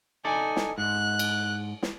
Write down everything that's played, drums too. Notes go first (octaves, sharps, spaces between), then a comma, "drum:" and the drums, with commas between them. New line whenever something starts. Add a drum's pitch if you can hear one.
D#4 A4 D5 G#5
drum: snare
G#2 F#6
drum: cymbal
drum: snare